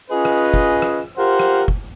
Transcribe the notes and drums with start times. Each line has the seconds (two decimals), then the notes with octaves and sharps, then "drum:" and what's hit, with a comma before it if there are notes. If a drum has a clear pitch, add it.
0.11 C#4 F4 G#4 B4 D#5
0.25 drum: rim click
0.54 drum: kick
0.82 drum: rim click
1.18 F4 G4 A#4 C5 F#5
1.40 drum: rim click
1.68 drum: kick